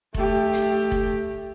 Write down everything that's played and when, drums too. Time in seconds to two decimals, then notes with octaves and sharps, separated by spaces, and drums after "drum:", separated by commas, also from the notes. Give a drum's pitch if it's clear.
0.14 A3 G4, drum: kick F1
0.53 drum: hi-hat
0.92 drum: kick F1